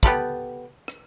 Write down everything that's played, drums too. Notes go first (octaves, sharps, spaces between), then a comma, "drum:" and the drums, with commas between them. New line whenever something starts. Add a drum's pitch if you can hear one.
B3 G4 A4 B5, drum: kick
drum: rim click